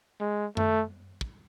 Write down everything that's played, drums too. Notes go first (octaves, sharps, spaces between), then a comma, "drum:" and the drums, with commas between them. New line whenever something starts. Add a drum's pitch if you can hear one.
G#3
A3, drum: tom F#2
drum: kick